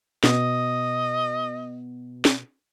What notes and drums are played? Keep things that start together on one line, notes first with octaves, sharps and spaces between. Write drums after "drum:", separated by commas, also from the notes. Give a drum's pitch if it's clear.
B2 D#5, drum: snare
drum: snare